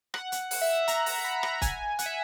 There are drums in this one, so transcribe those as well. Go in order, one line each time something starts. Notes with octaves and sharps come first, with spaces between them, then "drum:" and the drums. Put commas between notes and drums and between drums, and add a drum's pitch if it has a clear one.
F#5, drum: rim click
drum: hi-hat
F#5, drum: open hi-hat
E5
F#5
A#5, drum: hi-hat
A#5, drum: open hi-hat
A#5
B5
A#5, drum: rim click
G#5, drum: kick, hi-hat
F#5, drum: hi-hat
E5